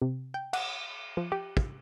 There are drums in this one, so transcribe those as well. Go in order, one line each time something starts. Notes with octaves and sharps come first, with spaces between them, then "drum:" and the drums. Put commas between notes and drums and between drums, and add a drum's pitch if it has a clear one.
C3
G5
F#5, drum: cymbal
F3
G4
drum: kick